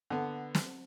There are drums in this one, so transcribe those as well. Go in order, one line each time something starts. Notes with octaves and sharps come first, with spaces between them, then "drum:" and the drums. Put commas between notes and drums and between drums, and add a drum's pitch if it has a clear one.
D3 B3
drum: snare